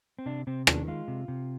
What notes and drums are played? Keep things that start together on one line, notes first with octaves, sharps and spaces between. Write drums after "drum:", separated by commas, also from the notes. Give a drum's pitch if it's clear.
C4
C3 D4
C3 C4
D#3 D4, drum: rim click
G#3 F4
C3
C3